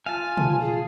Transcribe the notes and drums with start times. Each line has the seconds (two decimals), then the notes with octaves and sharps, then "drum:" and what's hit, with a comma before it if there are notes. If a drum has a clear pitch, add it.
0.06 F4 F5 G#5 A5
0.37 drum: tom
0.61 G#4